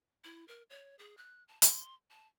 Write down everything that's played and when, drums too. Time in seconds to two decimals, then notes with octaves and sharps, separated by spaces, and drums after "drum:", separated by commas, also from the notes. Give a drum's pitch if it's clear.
0.24 E4
0.48 A#4
0.70 C#5
0.99 G#4
1.17 F#6
1.48 A5
1.62 C6, drum: hi-hat
2.10 A5